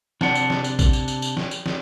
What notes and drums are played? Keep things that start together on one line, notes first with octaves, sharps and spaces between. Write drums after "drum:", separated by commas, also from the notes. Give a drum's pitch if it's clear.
C3 D4 F#5, drum: snare
drum: tambourine
drum: snare
drum: tambourine
drum: kick A1, tambourine
drum: tambourine
drum: tambourine
drum: tambourine
drum: snare
drum: tambourine
drum: snare